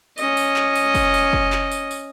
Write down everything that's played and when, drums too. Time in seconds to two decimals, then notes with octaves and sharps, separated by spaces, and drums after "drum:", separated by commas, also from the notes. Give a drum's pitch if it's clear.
0.18 C#4 D#5, drum: tambourine
0.37 drum: tambourine
0.56 drum: clap
0.75 drum: tambourine
0.95 drum: kick F#1, tambourine
1.14 drum: tambourine
1.33 drum: kick F#1
1.52 drum: clap
1.71 drum: tambourine
1.91 drum: tambourine